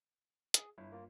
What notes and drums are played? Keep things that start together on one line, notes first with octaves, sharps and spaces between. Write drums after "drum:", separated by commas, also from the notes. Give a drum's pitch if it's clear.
G#4, drum: hi-hat
G1 E4
A#3 F4